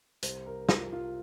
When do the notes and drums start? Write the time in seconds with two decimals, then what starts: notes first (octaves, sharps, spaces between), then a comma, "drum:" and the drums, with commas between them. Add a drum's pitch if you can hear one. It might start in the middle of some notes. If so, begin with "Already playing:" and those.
0.23 C2 C5, drum: hi-hat
0.46 A#4
0.69 C2 F4, drum: snare
0.92 F4